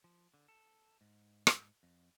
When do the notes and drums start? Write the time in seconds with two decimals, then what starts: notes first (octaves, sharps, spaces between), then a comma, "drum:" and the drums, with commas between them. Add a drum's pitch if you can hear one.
0.04 F3
0.34 D3
0.48 A4
1.01 G#2
1.47 drum: rim click
1.83 F2